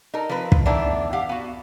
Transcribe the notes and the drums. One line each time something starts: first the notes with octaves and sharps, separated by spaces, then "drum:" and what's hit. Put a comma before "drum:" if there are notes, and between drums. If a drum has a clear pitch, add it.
D#4 A4 A#4
F3 C4 A#4 B4
drum: kick
D#3 E3 A3 B3 D4 E4
G4 F5 F#5
B3 F#4